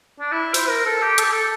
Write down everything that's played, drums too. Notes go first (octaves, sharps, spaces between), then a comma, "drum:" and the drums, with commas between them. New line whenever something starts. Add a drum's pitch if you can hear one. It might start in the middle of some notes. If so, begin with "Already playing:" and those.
D4
E4
C5, drum: open hi-hat
A#4
A4
G4
A4, drum: hi-hat
G4
A4